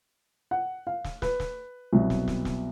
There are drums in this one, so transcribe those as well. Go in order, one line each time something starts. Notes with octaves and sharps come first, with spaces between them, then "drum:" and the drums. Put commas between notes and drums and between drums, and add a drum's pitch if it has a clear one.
F#5
F5
drum: snare
B4, drum: snare
drum: snare
C2 B2 F#3 B3
drum: snare
drum: snare
drum: snare